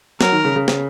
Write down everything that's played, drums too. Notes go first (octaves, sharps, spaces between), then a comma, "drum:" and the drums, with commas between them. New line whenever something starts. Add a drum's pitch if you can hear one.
F#3 A#4, drum: snare
D#3
C#3
C#3
C#3, drum: snare